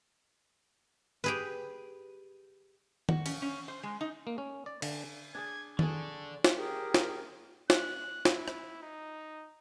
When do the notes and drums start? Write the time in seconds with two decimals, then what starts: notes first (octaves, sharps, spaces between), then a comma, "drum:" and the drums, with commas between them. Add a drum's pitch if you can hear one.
1.24 G4 G#4 B4
3.09 F#4, drum: tom D#3
3.26 C#4, drum: cymbal
3.42 C#4
3.68 C5
3.83 G#3
4.01 D#4
4.27 A#3
4.38 C#4
4.66 D5
4.82 D3, drum: cymbal
5.35 D4 G#4 D5 G#6
5.79 D3 D4 G#4 A4 C#6, drum: tom D#3
6.44 drum: snare
6.55 G4 G#4 A#4 G5
6.94 drum: snare
7.70 F#6, drum: snare
8.25 E4, drum: snare
8.48 drum: rim click
8.83 D#4